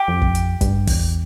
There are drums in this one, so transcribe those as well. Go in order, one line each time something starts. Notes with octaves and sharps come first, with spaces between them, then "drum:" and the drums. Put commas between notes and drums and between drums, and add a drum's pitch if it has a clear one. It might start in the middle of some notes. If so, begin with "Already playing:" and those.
Already playing: G4
F2
drum: kick
drum: hi-hat
G2, drum: kick, hi-hat
E2, drum: kick, open hi-hat